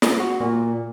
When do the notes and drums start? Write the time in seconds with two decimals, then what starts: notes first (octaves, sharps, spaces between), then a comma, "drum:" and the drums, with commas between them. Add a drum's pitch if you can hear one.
0.02 drum: snare
0.20 F#4
0.40 A#2